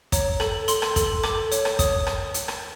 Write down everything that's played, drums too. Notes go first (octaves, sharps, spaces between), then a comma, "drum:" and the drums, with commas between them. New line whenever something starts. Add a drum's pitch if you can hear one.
C#5 A#5, drum: kick, hi-hat
A4, drum: rim click
A4 C6, drum: hi-hat
drum: rim click
A4, drum: kick, hi-hat
A4 D6, drum: rim click
C#5, drum: hi-hat
drum: rim click
C#5 D#6, drum: kick, hi-hat
drum: rim click
drum: hi-hat
drum: rim click